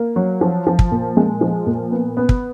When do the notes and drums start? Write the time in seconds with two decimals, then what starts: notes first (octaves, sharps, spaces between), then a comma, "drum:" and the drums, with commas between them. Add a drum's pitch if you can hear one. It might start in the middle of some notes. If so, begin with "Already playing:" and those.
Already playing: A#3
0.16 F#3
0.41 F3
0.67 F3
0.79 drum: kick
0.91 A#2
1.17 G#3
1.41 F3
1.66 A#2
1.91 B3
2.17 B3
2.29 drum: kick